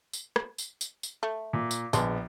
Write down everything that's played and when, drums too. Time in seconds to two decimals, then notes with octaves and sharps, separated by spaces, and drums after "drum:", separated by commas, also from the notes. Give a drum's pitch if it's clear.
0.13 drum: tambourine
0.36 drum: rim click
0.58 drum: tambourine
0.81 drum: tambourine
1.03 drum: tambourine
1.23 A3
1.53 A#2
1.71 drum: tambourine
1.93 A#1 G#3 B3 D4, drum: tambourine